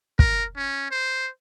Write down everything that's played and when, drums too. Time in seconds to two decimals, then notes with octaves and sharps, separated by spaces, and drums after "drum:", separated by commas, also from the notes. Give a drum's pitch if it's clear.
0.19 A#4, drum: kick
0.57 C#4
0.91 C5